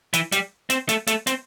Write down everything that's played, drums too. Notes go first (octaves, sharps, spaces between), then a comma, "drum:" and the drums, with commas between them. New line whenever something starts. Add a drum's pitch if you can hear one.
E3, drum: hi-hat
G3, drum: hi-hat
C4, drum: hi-hat
A3, drum: hi-hat
A3, drum: hi-hat
C4, drum: hi-hat